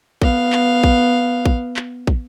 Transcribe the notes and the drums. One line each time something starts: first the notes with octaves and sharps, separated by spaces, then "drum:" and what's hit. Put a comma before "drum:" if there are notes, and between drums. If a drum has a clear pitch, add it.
B3 F5, drum: kick
drum: clap
drum: kick
drum: kick
drum: clap
drum: kick